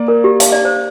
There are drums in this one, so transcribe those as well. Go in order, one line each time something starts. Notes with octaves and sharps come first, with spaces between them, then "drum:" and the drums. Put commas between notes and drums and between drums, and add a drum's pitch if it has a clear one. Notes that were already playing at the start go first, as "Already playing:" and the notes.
Already playing: A#3 D5
A#4
G4
F5, drum: hi-hat
D5
C5